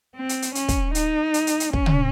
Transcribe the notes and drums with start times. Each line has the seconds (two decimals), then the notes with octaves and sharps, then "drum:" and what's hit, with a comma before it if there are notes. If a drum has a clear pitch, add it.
0.16 C4
0.29 drum: hi-hat
0.42 drum: hi-hat
0.55 C#4, drum: hi-hat
0.68 drum: kick, hi-hat
0.95 D#4, drum: hi-hat
1.34 drum: hi-hat
1.47 drum: hi-hat
1.60 drum: hi-hat
1.73 C#4, drum: kick
1.86 drum: tom